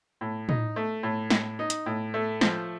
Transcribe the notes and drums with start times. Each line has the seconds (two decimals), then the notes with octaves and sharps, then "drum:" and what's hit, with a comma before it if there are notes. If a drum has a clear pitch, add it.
0.21 A2
0.49 D#4, drum: tom
0.76 A3
1.03 A2
1.30 A2, drum: snare
1.59 D#4
1.70 drum: hi-hat
1.86 A2
2.14 A3
2.41 F3, drum: snare